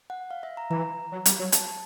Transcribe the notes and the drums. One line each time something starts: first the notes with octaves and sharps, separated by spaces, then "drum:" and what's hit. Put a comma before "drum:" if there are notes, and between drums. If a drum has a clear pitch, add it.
F#5
F5
E5
A#5
E3 A#5
F#3
G3, drum: hi-hat
F#3
A5, drum: hi-hat